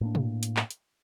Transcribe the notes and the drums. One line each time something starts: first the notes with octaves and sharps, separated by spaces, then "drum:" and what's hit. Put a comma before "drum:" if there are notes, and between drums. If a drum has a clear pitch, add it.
A2 A#3 D4
drum: tom
drum: hi-hat
drum: clap
drum: hi-hat